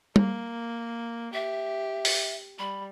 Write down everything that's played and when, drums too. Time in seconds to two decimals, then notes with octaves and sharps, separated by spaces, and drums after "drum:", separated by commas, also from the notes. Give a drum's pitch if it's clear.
0.16 A#3, drum: tom
1.33 G4 E5
2.05 drum: open hi-hat
2.59 G3 B5